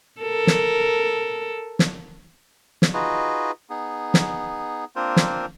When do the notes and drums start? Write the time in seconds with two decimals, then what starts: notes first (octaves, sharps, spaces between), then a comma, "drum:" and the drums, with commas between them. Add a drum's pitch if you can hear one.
0.22 A4 A#4
0.47 drum: snare
1.79 drum: snare
2.82 drum: snare
2.94 D#4 F4 F#4 G#4 B4 D#5
3.70 B3 D#4 G#4
4.14 drum: snare
4.96 A#3 C4 D4 F4 A#4 C5
5.16 drum: snare